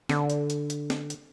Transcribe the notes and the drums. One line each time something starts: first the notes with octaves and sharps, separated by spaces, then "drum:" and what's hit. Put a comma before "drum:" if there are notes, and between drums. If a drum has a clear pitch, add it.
D3, drum: snare
drum: hi-hat
drum: hi-hat
drum: hi-hat
drum: snare
drum: hi-hat